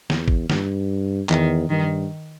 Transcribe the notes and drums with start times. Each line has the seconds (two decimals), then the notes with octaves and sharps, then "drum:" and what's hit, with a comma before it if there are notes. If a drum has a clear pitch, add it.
0.10 E2, drum: snare
0.28 drum: kick
0.50 G2, drum: snare
1.29 E2 D#3, drum: clap
1.69 G2 D#3